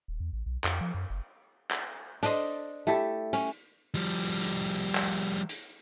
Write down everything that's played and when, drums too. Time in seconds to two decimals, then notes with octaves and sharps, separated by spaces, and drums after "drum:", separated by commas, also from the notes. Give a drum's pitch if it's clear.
0.08 D#1
0.20 E2
0.33 A1
0.46 B1
0.64 F2, drum: clap
0.81 F3
0.94 F#2
1.10 F#1
1.71 drum: clap
2.23 D4 A4 C5 D#5, drum: hi-hat
2.87 A3 E4 G4 A4
3.33 C#4, drum: hi-hat
3.94 F3 G3
4.41 drum: hi-hat
4.95 drum: clap
5.49 drum: hi-hat